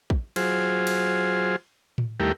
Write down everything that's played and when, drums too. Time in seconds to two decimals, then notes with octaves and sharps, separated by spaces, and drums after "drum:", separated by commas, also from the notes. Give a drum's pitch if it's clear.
0.10 drum: kick
0.36 F#3 F4 G#4 C5, drum: cymbal
0.87 drum: cymbal
1.98 drum: tom A2
2.20 D#2 G3 A3 E4 G4 A#4